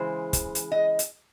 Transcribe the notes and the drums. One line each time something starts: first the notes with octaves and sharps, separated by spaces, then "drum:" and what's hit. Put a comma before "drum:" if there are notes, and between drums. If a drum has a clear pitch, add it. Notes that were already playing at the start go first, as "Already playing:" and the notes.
Already playing: C#3 E3 G#3 C5
drum: kick, hi-hat
drum: hi-hat
D#5
drum: hi-hat